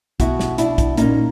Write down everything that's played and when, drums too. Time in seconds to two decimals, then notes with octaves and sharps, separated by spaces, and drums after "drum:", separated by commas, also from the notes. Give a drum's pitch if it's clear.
0.20 B2 E4 F#4, drum: kick, hi-hat
0.39 drum: snare
0.58 D4 E4, drum: hi-hat
0.78 drum: kick, hi-hat
0.97 A#2 C#4 D#4, drum: hi-hat